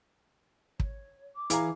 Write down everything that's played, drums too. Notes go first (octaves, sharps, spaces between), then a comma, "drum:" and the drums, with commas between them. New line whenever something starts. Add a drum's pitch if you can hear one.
C#5, drum: kick
D6
E3 E4 G#4 F5 A#5, drum: hi-hat